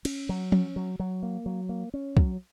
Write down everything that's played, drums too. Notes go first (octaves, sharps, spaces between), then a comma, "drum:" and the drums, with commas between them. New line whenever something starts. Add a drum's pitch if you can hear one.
C#4, drum: cymbal
F#3
C#4, drum: tom F3
F#3
F#3
A#3
F#3
A#3
C#4
F#3, drum: kick